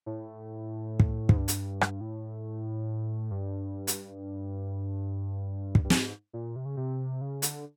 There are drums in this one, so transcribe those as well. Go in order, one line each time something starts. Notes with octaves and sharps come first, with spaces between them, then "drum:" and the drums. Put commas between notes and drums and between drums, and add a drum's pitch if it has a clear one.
A2
drum: kick
G#2, drum: kick
G2
drum: hi-hat
drum: rim click
A2
G2
drum: hi-hat
drum: kick
G2
G#2, drum: snare
A#2
C3
C#3
C3
C#3
D3, drum: hi-hat